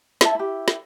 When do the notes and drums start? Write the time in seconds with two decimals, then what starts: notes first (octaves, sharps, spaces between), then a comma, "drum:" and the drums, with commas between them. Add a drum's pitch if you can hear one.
0.21 E4 C#5 E5 A5, drum: snare
0.35 E4 G4
0.68 drum: snare